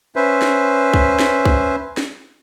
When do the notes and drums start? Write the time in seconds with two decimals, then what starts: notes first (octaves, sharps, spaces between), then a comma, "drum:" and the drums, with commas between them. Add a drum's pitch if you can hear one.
0.16 C#4 B4 C5 E5
0.42 drum: snare
0.94 drum: kick
1.19 drum: snare
1.45 drum: kick
1.97 drum: snare